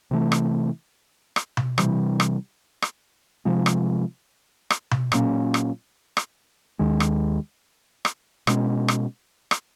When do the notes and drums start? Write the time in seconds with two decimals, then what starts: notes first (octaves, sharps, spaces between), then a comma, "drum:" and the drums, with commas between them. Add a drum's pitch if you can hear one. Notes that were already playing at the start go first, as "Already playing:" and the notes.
0.11 C3 E3 A3
0.32 drum: rim click
1.36 drum: rim click
1.57 drum: tom B2
1.78 C3 E3 G3, drum: rim click
2.20 drum: rim click
2.82 drum: rim click
3.45 C3 F3 G#3
3.66 drum: rim click
4.70 drum: rim click
4.91 drum: tom B2
5.12 A#2 F#3 A#3 C#4, drum: rim click
5.54 drum: rim click
6.17 drum: rim click
6.79 D#2 D#3 G#3
7.00 drum: rim click
8.05 drum: rim click
8.47 B2 G#3 C#4, drum: rim click
8.88 drum: rim click
9.51 drum: rim click